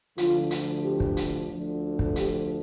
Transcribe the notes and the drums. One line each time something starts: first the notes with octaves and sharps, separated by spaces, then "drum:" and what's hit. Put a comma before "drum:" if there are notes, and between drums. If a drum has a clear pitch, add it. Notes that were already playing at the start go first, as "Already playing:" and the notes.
D2 D3 F3 F4, drum: hi-hat
drum: hi-hat
G4
drum: kick
drum: hi-hat
D2 D3 F3
drum: kick
G4, drum: hi-hat